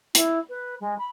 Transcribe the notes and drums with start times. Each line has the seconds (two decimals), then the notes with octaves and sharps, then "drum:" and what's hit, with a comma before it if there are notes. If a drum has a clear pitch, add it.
0.15 E4, drum: hi-hat
0.49 B4
0.81 G#3
0.99 B5